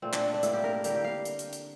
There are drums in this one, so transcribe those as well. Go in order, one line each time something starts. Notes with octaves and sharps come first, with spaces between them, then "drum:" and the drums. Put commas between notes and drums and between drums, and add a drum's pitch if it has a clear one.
A#2 A3 C4
D4, drum: clap
D4
A2 G3 A#3 E4, drum: hi-hat
G4
A#4
A#4
D3 G3 A#3 G4, drum: hi-hat
G4
F5
drum: hi-hat
drum: hi-hat
drum: hi-hat